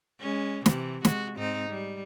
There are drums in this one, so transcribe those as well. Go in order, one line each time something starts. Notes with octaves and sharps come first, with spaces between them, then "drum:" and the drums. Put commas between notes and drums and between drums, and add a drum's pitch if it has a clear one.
G#3 C#4
C3 E3, drum: snare
G#3 F#4, drum: snare
G#2 C4 D#4
G3